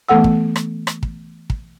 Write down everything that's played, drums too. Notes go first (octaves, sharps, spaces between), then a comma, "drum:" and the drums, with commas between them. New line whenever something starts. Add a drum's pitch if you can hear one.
E3 A3 B3 A4 F#5 E6
drum: kick
drum: rim click
drum: rim click
drum: kick
drum: kick